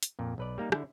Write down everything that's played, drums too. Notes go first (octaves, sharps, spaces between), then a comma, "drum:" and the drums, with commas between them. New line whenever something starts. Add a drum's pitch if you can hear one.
drum: hi-hat
F2 A#2
B1 B4 D5
G3 A#3 D#4
D3 E4, drum: rim click